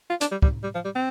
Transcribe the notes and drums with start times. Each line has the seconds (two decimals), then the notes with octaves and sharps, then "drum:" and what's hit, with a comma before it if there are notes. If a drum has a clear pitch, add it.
0.10 F4
0.21 D4, drum: hi-hat
0.31 G3
0.42 G3, drum: kick
0.63 G3
0.75 F3
0.85 G3
0.95 C4